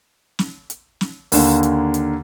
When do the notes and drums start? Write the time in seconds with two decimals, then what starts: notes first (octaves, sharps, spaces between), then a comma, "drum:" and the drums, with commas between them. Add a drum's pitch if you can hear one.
0.39 drum: snare
0.70 drum: hi-hat
1.01 drum: snare
1.32 D#2 D3 A#3, drum: open hi-hat
1.63 drum: hi-hat
1.94 drum: hi-hat